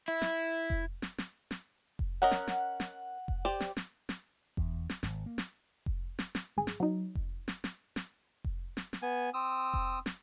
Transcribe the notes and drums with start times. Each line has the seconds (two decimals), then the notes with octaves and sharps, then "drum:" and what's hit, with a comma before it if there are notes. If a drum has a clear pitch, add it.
0.08 E4
0.22 drum: snare
0.70 drum: kick F1
1.02 drum: snare
1.18 drum: snare
1.51 drum: snare
1.99 drum: kick F1
2.22 C#4 A#4 D#5 F#5
2.31 drum: snare
2.47 drum: snare
2.80 drum: snare
3.28 drum: kick F1
3.45 G4 C5 D5
3.60 drum: snare
3.77 drum: snare
4.09 drum: snare
4.57 E2, drum: kick F1
4.89 drum: snare
5.03 G#1, drum: snare
5.26 A#3
5.38 drum: snare
5.86 drum: kick F1
6.19 drum: snare
6.35 drum: snare
6.57 G#1 G#4
6.67 drum: snare
6.80 F#3 D#4
7.15 drum: kick F1
7.48 drum: snare
7.64 drum: snare
7.96 drum: snare
8.44 drum: kick F1
8.77 drum: snare
8.93 drum: snare
9.02 B3 G#5
9.34 C4 D#6 E6
9.74 drum: kick F1
10.06 drum: snare